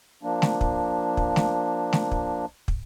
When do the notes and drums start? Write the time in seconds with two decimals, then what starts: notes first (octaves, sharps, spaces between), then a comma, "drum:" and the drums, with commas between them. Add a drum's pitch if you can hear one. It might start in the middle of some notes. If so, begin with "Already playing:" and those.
0.23 F3 A#3 D4
0.42 drum: snare
0.61 drum: kick
1.17 drum: kick
1.36 drum: snare
1.93 drum: snare
2.11 drum: kick
2.68 drum: kick